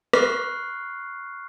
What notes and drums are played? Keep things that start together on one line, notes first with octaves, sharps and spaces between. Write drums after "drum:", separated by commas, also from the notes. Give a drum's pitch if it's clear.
B5 C#6 F6 F#6 C7, drum: rim click